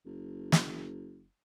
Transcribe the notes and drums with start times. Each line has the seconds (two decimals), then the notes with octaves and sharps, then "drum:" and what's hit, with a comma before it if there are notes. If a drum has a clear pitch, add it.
0.06 F#1
0.52 drum: snare